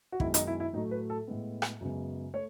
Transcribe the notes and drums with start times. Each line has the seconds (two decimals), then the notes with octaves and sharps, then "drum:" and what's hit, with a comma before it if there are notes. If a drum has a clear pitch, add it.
0.12 F#4
0.20 F#2 D#3 G#3 B3 E4, drum: kick
0.34 D#4, drum: hi-hat
0.47 E4
0.60 E4
0.73 A2 F#3 A3 D#4
0.91 B4
1.10 A4
1.28 A2 G#3 B3
1.62 drum: rim click
1.81 F#2 C#3 G#3 B3
2.34 A3 C#5